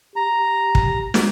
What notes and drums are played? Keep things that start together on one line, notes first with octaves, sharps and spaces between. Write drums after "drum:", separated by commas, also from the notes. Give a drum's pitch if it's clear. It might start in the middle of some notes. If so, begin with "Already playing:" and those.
G4 A#5
drum: kick
drum: snare